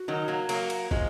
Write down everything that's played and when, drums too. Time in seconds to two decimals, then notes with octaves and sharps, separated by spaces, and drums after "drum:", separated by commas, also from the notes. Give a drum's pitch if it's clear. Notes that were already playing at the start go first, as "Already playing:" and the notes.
Already playing: F#4
0.08 D#3 F#3
0.28 F#3 A#3
0.49 F#3 A#3, drum: cymbal
0.70 drum: cymbal
0.91 F3 G#3, drum: kick